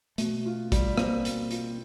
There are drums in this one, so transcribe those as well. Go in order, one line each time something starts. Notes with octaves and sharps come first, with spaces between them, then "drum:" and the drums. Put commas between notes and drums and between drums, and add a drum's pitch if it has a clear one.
B2 A3, drum: hi-hat
F4
G3, drum: kick A1, hi-hat
A#3 C4, drum: rim click
B2, drum: hi-hat
F4, drum: hi-hat